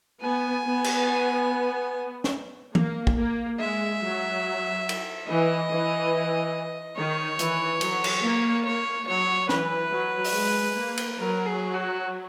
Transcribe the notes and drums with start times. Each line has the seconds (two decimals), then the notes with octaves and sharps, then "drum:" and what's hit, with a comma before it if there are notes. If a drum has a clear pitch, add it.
0.22 B3 G#5
0.65 B3
0.84 drum: cymbal
2.24 drum: snare
2.75 A#3, drum: tom
3.07 drum: kick
3.17 A#3
3.59 G#3 E5
4.01 F#3
4.89 drum: cymbal
5.28 E3 D#5
5.70 E3
6.96 D#3 C#5
7.39 E3, drum: hi-hat
7.81 F#3, drum: cymbal
8.04 drum: cymbal
8.23 A#3
8.65 A#3 C#5
9.07 F#3 C#5
9.49 E3 B4, drum: snare
9.92 F#3
10.24 drum: open hi-hat
10.34 G#3
10.76 A#3
10.97 drum: cymbal
11.18 F#3 A#4
11.46 G#4
11.74 F#4